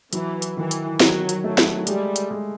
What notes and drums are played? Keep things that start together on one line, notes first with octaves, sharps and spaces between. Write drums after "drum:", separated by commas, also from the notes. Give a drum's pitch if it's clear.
E3 F#3, drum: hi-hat
drum: hi-hat
D#3 E3
drum: hi-hat
D#3 F#3, drum: snare
drum: hi-hat
F#3 A3
drum: snare
G3 G#3, drum: hi-hat
drum: hi-hat
G#3